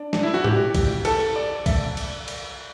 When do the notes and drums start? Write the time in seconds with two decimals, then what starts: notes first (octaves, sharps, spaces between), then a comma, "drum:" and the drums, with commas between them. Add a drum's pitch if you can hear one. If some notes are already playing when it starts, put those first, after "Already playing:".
Already playing: D4
0.13 D4, drum: snare
0.23 E4
0.34 F#4
0.44 G4, drum: tom G#2
0.75 drum: kick, cymbal
1.05 A4, drum: cymbal
1.36 D5
1.66 E5, drum: kick, cymbal
1.97 drum: cymbal
2.28 drum: cymbal